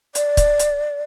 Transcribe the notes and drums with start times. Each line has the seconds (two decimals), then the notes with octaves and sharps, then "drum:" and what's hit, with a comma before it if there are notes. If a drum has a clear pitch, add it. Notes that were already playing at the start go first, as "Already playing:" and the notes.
0.15 D5, drum: hi-hat
0.37 drum: kick, hi-hat
0.59 drum: hi-hat